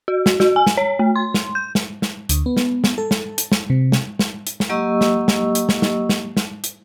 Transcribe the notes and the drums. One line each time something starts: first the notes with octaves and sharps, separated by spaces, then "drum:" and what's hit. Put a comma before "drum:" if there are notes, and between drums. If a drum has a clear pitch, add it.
F#4
drum: snare
F#4, drum: snare
G#5
drum: snare
C#5
A3
C6
drum: snare
G6
drum: snare
drum: snare
D2, drum: hi-hat
B3
drum: snare
drum: snare
A4
drum: snare
drum: hi-hat
drum: snare
C3
drum: snare
drum: snare
drum: hi-hat
drum: snare
F#3 A#3 G4 D#5 C#6 E6
drum: snare
drum: snare
drum: hi-hat
drum: snare
drum: snare
drum: snare
drum: snare
drum: hi-hat